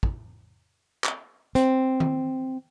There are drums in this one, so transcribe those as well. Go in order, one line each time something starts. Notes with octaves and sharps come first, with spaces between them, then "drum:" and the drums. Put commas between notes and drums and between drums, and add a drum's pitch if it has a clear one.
drum: kick
drum: clap
C4, drum: hi-hat
drum: tom D#3